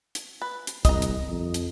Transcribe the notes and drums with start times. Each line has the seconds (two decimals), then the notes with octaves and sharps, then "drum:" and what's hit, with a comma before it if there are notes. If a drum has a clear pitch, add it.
0.15 drum: hi-hat
0.41 B4
0.67 drum: hi-hat
0.85 C2 D#5 A#5, drum: kick, hi-hat
1.02 drum: hi-hat
1.28 F2
1.54 drum: hi-hat